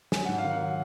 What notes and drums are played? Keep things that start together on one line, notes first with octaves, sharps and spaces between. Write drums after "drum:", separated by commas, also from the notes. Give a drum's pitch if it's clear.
F#3 G#5, drum: snare
G#2 F#5
F5
D#3
F#5
F#3